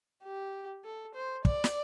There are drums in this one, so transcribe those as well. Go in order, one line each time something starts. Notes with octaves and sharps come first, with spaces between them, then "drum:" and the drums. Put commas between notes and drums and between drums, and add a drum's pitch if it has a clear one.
G4
A4
C5
D5, drum: kick
drum: snare